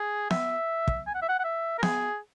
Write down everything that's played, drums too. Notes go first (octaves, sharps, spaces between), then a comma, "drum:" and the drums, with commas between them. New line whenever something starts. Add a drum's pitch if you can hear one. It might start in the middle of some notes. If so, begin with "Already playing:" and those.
Already playing: G#4
E5, drum: snare B3
drum: kick
G#5
F#5
E5
F#5
F#5
E5
A#4
G#4, drum: snare B3